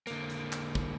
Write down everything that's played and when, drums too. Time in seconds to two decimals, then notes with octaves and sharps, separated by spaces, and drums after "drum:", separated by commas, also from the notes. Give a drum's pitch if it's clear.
0.07 D3 A#3, drum: hi-hat
0.30 drum: hi-hat
0.52 drum: clap
0.75 drum: kick